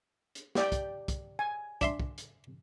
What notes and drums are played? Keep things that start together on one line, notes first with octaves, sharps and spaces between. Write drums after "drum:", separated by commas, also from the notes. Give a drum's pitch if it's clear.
drum: hi-hat
G4 D5 G5, drum: snare
drum: kick, hi-hat
drum: kick, hi-hat
G#5
D4 E5 C6, drum: kick, hi-hat
drum: kick
drum: hi-hat